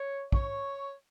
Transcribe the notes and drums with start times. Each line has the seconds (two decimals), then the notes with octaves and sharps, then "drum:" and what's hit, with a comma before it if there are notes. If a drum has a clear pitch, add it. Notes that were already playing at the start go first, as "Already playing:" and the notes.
Already playing: C#5
0.32 C#5, drum: kick